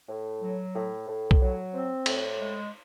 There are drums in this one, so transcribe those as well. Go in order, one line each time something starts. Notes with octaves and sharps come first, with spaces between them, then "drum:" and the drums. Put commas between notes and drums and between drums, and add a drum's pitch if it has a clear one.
A2
F#3
A2
A2
drum: kick B1
F#3
C4
A2, drum: cymbal
G#3